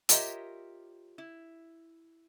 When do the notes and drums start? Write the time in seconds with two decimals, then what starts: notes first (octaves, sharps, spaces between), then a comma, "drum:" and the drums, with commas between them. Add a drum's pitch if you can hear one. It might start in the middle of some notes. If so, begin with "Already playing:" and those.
0.09 F4 G4 A#4 C#5 D#5 E5, drum: hi-hat
1.18 E4